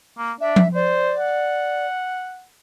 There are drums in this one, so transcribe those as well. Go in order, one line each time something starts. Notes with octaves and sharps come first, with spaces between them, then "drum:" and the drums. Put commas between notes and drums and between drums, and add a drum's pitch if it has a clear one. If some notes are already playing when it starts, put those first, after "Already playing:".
A#3
D4 E5
drum: tom F3
C5 D5
F#5